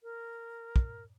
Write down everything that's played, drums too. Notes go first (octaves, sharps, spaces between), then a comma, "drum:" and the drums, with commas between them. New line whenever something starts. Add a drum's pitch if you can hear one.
A#4
drum: kick